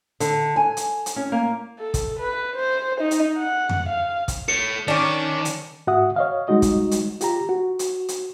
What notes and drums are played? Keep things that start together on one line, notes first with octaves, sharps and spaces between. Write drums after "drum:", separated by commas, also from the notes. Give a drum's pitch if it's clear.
D3, drum: hi-hat
G#5
drum: hi-hat
drum: hi-hat
C#4
A#3
A4
drum: kick, hi-hat
B4
C5
D#4
drum: hi-hat
F#5
drum: tom F2
F5
drum: kick, hi-hat
A4 C#5 C#7
D#3 C#4 D4 D5
drum: hi-hat
G#2 F#4 E5 F#5 D#6
C#5 D#5 F5
G3 G#3 D#4 F#4 D#5
drum: kick, hi-hat
drum: hi-hat
F4 G4 A#5, drum: hi-hat
F#4
drum: hi-hat
drum: hi-hat